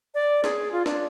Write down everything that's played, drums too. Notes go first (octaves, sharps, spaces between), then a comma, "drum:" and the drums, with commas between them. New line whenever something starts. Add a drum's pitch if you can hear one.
D5
G#4, drum: snare
F4
D4, drum: snare